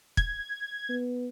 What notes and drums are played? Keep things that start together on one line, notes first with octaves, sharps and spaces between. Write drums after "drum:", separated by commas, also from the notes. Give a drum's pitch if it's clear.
G#6, drum: kick
B3